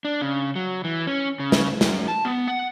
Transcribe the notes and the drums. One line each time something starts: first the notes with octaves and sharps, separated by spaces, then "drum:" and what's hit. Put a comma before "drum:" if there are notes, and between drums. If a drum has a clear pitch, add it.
D4
C#3
F#3
E3
C#4
C#3
drum: snare
F#2, drum: snare
A5
B3
F#5